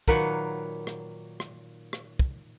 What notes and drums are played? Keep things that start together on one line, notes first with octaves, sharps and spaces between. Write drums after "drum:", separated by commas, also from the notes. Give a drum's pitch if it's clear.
A#2 D#3 F#3 A#3 B4 F#5, drum: kick
drum: rim click
drum: rim click
drum: rim click
drum: kick